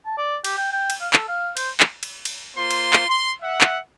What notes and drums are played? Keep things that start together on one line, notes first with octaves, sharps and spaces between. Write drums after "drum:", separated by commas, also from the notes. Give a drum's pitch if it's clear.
A5
D5
G4, drum: cymbal
G5
G5
drum: cymbal
F5
A4, drum: clap
F5
C5, drum: cymbal
drum: clap
drum: cymbal
drum: cymbal
A#3 F4 C5 C6
drum: cymbal
drum: clap
C6
E5 F#5
drum: clap